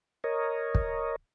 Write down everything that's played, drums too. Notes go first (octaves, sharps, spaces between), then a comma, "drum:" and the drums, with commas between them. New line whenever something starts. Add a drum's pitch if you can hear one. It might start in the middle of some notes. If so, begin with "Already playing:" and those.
A#4 C#5 D#5
drum: kick